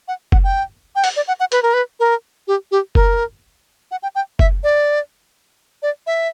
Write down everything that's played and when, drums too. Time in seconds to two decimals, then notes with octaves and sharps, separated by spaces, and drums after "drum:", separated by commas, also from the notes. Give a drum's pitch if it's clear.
0.08 F#5
0.32 F#5, drum: kick F#1
0.44 G5
0.95 G5
1.04 F#5, drum: open hi-hat
1.16 D5
1.28 F#5
1.40 F#5
1.52 B4, drum: hi-hat
1.63 A#4
1.74 B4
2.00 A#4
2.48 G4
2.71 G4
2.95 A#4, drum: kick F#1
3.91 F#5
4.03 G5
4.15 G5
4.39 E5, drum: kick F#1
4.64 D5
5.83 D5
6.07 E5